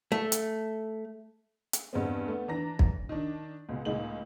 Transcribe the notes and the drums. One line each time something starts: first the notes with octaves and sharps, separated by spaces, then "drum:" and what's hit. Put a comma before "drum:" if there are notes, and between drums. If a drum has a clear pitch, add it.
A3
drum: hi-hat
drum: hi-hat
E2 G2 G#3 B3 C4
A3 B3
E3 D4 A#5 A#6
drum: kick
D#3 D4
C#2 B2
C#2 A2 G#3 A#3 D#4 F#7